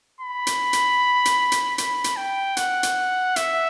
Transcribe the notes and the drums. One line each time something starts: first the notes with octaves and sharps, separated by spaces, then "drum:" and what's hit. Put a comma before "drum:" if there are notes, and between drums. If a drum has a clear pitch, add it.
B5
drum: hi-hat
drum: hi-hat
drum: hi-hat
drum: hi-hat
B5, drum: hi-hat
drum: hi-hat
G5
F#5, drum: hi-hat
drum: hi-hat
E5, drum: hi-hat